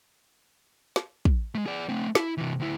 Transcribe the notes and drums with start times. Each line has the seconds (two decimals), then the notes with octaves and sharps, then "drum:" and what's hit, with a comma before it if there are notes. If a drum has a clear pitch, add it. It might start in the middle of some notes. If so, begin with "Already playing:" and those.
0.96 drum: snare
1.25 drum: kick
1.55 G#3 A3
1.66 G#4 D5
1.89 A3 C4
2.15 E4, drum: snare
2.38 C3 E3
2.60 D2 E4